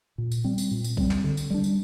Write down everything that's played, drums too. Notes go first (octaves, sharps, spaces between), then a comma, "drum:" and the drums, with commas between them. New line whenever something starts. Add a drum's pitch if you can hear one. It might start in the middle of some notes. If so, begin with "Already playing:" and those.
A#2
drum: tambourine
G3 C4
drum: tambourine
A#2
drum: tambourine
G3 C4, drum: kick
drum: clap
D3
drum: tambourine
G3 D4
drum: tambourine